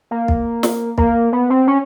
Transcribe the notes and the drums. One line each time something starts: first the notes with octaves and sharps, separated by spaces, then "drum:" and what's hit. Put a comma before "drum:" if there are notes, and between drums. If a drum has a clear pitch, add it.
A#3
drum: kick
drum: snare
A#3, drum: kick
B3
C4
C#4